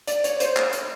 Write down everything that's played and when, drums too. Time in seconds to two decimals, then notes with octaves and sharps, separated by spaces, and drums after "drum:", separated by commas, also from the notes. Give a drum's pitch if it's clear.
0.07 D5, drum: hi-hat
0.24 C#5, drum: hi-hat
0.40 C5, drum: hi-hat
0.56 drum: clap
0.73 drum: hi-hat